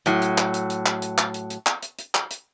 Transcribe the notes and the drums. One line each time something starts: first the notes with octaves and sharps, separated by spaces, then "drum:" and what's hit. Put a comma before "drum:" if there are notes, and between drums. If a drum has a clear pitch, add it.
A2 F#3, drum: hi-hat
drum: hi-hat
drum: clap
drum: hi-hat
drum: hi-hat
drum: clap
drum: hi-hat
drum: clap
drum: hi-hat
drum: hi-hat
drum: clap
drum: hi-hat
drum: hi-hat
drum: clap
drum: hi-hat